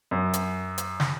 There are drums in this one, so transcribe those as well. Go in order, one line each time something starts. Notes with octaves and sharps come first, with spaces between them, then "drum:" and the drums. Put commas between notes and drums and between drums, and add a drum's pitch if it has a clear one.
F#2
drum: hi-hat
drum: hi-hat
drum: snare